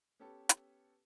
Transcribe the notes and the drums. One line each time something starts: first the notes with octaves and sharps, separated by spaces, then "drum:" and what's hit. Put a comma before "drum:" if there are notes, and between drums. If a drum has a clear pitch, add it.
B3 C#4 G4 A4 B4
drum: hi-hat